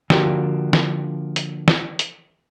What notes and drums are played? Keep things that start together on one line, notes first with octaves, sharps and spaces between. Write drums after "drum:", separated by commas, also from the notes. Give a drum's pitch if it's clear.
D3 F3 A#3 D4 F#4 G4, drum: snare
drum: snare
drum: hi-hat
drum: snare
drum: hi-hat